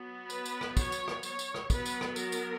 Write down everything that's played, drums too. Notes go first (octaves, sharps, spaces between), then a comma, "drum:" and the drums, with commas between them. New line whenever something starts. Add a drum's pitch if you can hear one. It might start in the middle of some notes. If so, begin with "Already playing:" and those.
Already playing: F#3 B3
B4, drum: tambourine
drum: tambourine
drum: rim click
C#5, drum: kick, tambourine
drum: tambourine
drum: rim click
C#5, drum: tambourine
drum: tambourine
drum: rim click
F#3 B3 B4, drum: kick, tambourine
drum: tambourine
drum: rim click
A#4, drum: tambourine
drum: tambourine